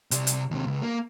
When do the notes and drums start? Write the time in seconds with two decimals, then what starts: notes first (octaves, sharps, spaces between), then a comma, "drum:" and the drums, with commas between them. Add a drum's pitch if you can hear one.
0.11 C3 D5, drum: hi-hat
0.27 drum: hi-hat
0.51 D#2 C3
0.67 C#2
0.82 A#3